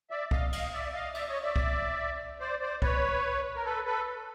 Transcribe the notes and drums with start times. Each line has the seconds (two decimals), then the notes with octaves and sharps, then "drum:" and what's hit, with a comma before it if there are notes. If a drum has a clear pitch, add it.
0.10 D5 E5
0.31 D#5 F5, drum: kick C2
0.53 D#5 F5, drum: cymbal
0.73 D5 E5
0.94 D#5 F5
1.15 D5 E5, drum: cymbal
1.29 C#5 D#5
1.42 D5 E5
1.56 drum: kick C2
2.40 C5 D5
2.61 C5 D5
2.82 B4 C#5, drum: kick C2
3.55 A#4
3.65 A4 B4
3.86 A4 B4